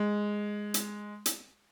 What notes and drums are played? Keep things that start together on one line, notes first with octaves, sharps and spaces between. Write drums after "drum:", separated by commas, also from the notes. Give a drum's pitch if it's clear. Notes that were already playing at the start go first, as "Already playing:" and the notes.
Already playing: G#3
drum: hi-hat
drum: hi-hat